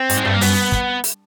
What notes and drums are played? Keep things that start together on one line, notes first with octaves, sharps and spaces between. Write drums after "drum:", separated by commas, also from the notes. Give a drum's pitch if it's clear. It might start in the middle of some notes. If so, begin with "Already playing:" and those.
Already playing: C4
G#2, drum: hi-hat
G#3
G2 A3
A#3
F#2 B3, drum: open hi-hat
drum: kick
drum: hi-hat